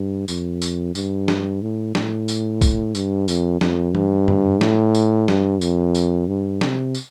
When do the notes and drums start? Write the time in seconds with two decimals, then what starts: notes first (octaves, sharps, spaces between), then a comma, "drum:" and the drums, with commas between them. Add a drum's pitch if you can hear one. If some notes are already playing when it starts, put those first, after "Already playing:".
Already playing: G2
0.28 F2, drum: tambourine
0.62 drum: tambourine
0.95 G2, drum: tambourine
1.28 drum: snare
1.62 A2
1.95 A2, drum: snare
2.28 drum: tambourine
2.61 drum: kick, tambourine
2.95 G2, drum: tambourine
3.28 F2, drum: tambourine
3.61 F2, drum: snare
3.95 G2, drum: tom E3
4.28 drum: tom F#2
4.61 A2, drum: snare
4.95 drum: tambourine
5.28 G2, drum: snare
5.61 F2, drum: tambourine
5.95 drum: tambourine
6.28 G2
6.61 C3, drum: snare
6.95 drum: tambourine